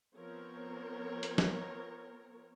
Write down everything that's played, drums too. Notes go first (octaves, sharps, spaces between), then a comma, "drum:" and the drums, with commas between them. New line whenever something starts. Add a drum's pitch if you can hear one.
F3 B3 C4 A#4 C#5
drum: hi-hat
drum: snare